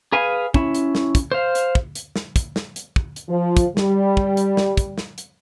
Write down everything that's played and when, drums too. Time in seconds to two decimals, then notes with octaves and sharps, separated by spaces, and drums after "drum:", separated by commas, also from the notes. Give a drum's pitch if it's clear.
0.12 G#4 B4 F5 G#5
0.54 C#4 E4, drum: kick
0.75 drum: hi-hat
0.95 drum: snare
1.15 drum: kick, hi-hat
1.32 C5 F5
1.55 drum: hi-hat
1.75 drum: kick
1.95 drum: hi-hat
2.16 drum: snare
2.36 drum: kick, hi-hat
2.56 drum: snare
2.76 drum: hi-hat
2.96 drum: kick
3.16 drum: hi-hat
3.28 F3
3.57 drum: kick, hi-hat
3.77 G3, drum: snare
4.17 drum: kick
4.37 drum: hi-hat
4.57 drum: snare
4.77 drum: kick, hi-hat
4.98 drum: snare
5.18 drum: hi-hat